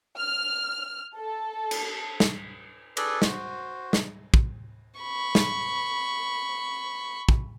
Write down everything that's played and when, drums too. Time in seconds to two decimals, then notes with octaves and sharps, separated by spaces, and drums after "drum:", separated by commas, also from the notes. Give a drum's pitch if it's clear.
0.17 F6
1.16 A4
1.71 drum: cymbal
2.20 drum: snare
2.97 G#4 A4 B4 D5, drum: cymbal
3.22 F#4 C5, drum: snare
3.93 drum: snare
4.34 drum: kick
5.00 B5 C#6
5.35 drum: snare
7.29 drum: kick